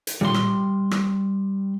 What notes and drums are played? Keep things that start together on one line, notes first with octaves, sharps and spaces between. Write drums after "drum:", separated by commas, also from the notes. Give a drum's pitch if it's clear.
drum: hi-hat
G3 C6, drum: tom A#2
drum: rim click
drum: rim click